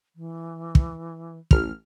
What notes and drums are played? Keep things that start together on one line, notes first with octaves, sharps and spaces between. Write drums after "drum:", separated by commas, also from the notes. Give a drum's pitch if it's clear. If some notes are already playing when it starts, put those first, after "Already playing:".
E3
drum: kick
A1 F6, drum: kick